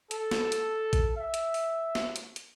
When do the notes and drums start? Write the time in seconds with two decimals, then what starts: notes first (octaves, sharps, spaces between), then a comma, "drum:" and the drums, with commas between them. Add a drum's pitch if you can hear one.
0.11 A4, drum: hi-hat
0.31 drum: snare
0.52 drum: hi-hat
0.93 drum: kick A1, hi-hat
1.17 E5
1.34 drum: hi-hat
1.54 drum: open hi-hat
1.95 drum: snare
2.16 drum: hi-hat
2.36 drum: hi-hat